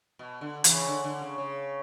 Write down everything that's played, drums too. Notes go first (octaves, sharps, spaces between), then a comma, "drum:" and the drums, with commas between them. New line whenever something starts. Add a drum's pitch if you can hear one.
B2
D3
C#3 E3, drum: hi-hat
D3
D3
C#3
C#3